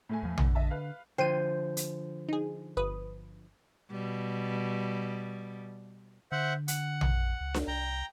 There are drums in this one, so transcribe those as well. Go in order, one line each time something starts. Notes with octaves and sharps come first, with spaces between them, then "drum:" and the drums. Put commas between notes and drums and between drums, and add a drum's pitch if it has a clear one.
A2 A3 G#5
E2 F3
D3, drum: tom A#1
D#5 E5 A5
B4 F5
D3 F3 C5 G5 D#7
drum: hi-hat
D#4 G#4
G1 B4 D#6
B2 G3
D3 C5 E5 F#5
F#5, drum: hi-hat
drum: tom A#1
C#2
drum: snare D4
C2 G5 A#5